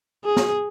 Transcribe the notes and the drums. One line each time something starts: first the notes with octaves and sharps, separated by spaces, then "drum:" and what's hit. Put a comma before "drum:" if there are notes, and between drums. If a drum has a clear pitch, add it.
G#4
drum: snare